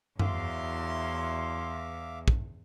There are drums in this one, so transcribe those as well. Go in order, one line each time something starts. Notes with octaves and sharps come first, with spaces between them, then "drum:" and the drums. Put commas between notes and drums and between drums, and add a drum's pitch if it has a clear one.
E2 F#3 E4 E5 F5 C6 D6, drum: tom F#2
drum: kick